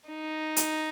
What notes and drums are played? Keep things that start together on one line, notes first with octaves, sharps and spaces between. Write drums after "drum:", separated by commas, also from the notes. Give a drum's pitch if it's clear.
D#4
drum: hi-hat